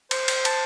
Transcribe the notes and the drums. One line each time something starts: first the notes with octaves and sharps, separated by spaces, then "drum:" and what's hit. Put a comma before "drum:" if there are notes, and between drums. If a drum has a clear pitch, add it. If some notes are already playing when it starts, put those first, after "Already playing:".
C5, drum: cymbal
drum: cymbal
A5, drum: cymbal